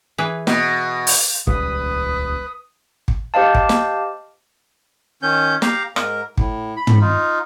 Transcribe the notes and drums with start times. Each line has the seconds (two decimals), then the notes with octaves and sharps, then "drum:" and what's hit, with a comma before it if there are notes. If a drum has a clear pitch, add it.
0.18 E3 G#4 B4
0.47 B2, drum: snare
1.07 drum: open hi-hat
1.47 D#1 C#2 G3 B4 D#6, drum: kick
3.08 drum: kick
3.34 G4 C5 D#5 F5 A5
3.55 drum: kick
3.69 drum: snare
5.22 D#3 C#4 G6
5.62 G4 F5 A#5, drum: snare
5.96 G#2 A#4, drum: rim click
6.37 A2, drum: kick
6.77 B5
6.87 drum: tom
7.01 D#4 F4